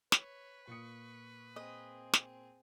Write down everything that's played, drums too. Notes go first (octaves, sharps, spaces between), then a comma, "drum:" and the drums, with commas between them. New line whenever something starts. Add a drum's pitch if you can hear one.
B4 C#5, drum: snare
A#2 C#6 D#6 C#7
C4 G#4 D#5
drum: snare